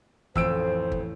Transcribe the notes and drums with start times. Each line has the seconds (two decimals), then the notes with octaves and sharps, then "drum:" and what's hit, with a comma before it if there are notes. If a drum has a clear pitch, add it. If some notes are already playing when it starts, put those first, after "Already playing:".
0.35 A1 F2 C5 E6 D7, drum: kick G1
0.92 drum: kick G1